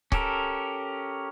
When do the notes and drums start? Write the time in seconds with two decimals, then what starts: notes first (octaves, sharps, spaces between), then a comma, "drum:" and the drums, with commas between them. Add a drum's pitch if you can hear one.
0.12 C#4 G4 A4 A#4, drum: kick C#1